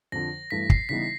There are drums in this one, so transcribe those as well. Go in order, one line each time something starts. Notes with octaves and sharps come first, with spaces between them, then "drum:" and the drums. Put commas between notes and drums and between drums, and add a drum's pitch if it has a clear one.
F2 D3 F3 A#6
G2 E3 A3 B6
C7, drum: kick
C#3 E3 G3 B3 D#4 B6